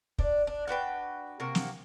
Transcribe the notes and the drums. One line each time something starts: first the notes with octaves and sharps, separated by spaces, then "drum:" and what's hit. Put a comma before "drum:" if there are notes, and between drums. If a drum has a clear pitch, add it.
D4 D5, drum: kick
D4
D4 F#4 B4 G5
C3 A#3 F#4
drum: snare